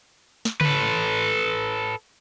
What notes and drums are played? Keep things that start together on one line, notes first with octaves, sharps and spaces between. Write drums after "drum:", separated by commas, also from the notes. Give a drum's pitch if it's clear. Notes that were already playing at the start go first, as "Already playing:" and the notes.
drum: snare
A4 B4, drum: tom C#3